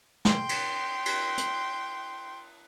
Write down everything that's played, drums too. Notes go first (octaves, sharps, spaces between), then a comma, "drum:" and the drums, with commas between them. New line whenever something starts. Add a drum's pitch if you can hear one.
G5 C6, drum: snare
drum: cymbal
drum: cymbal
drum: hi-hat